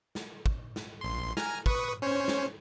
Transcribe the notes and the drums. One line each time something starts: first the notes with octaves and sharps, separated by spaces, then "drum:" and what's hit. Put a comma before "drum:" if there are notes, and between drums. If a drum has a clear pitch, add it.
drum: snare
drum: kick
drum: snare
A#1 C6
G#5 A#5 F6, drum: snare
B4 C#6 D#6, drum: kick
C#4 C5 C#5
drum: snare